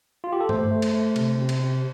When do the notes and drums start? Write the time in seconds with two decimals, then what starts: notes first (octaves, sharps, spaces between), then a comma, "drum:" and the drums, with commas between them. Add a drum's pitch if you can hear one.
0.24 F4
0.33 G4
0.40 A4
0.49 A3 C5, drum: tom G2
0.71 A3
0.82 drum: cymbal
0.93 A3
1.16 C3, drum: cymbal
1.38 C3
1.49 drum: cymbal
1.59 C3